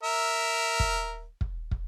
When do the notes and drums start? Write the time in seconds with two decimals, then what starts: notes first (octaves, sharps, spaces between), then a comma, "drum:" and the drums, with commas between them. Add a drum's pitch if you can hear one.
0.03 A#4 E5
0.80 drum: kick
1.41 drum: kick
1.71 drum: kick